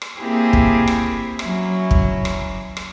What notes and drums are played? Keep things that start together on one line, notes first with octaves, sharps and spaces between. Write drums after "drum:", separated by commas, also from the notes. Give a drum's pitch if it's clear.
drum: rim click
A#3 C4 E4 G4 G#4
drum: kick
drum: rim click
F#3 C#4 E4, drum: rim click
drum: kick
drum: rim click
drum: rim click